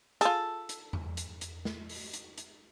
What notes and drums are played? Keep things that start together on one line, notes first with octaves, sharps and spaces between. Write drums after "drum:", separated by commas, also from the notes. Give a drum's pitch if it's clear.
F4 G#4 A4, drum: hi-hat
drum: hi-hat
drum: tom E2
drum: hi-hat
drum: hi-hat
drum: snare
drum: open hi-hat
drum: hi-hat
drum: hi-hat